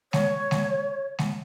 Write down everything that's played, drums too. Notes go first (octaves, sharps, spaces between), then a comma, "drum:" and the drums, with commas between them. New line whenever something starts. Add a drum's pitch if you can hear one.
C#5, drum: snare G#3
drum: snare G#3
drum: snare G#3